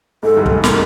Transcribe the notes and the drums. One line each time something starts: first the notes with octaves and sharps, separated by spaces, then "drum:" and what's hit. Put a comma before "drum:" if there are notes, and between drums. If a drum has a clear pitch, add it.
G#2 G#3 A4
G2 G3
A3, drum: kick
G#2 G#3
G#3 A#4, drum: snare